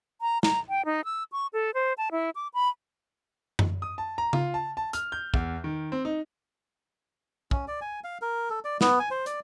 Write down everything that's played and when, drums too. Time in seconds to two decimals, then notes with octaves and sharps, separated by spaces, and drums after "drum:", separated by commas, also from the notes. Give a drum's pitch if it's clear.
0.21 A#5
0.43 A#5, drum: snare
0.69 G5
0.85 D#4
1.05 E6
1.32 C#6
1.53 A4
1.74 C5
1.98 A5
2.12 E4
2.35 D6
2.54 B5
3.59 drum: tom F#2
3.82 D#6
3.98 A5
4.18 A#5
4.33 F4, drum: tom C#3
4.54 A5
4.77 A5
4.93 F6, drum: hi-hat
5.12 G6
5.34 E2, drum: kick
5.64 D#3
5.92 C4
6.05 D#4
7.51 C#4, drum: kick
7.68 D5
7.81 G#5
8.04 F5
8.22 A#4
8.50 A4
8.65 D5
8.81 B3, drum: snare
8.99 G#5
9.11 C5
9.26 D5, drum: hi-hat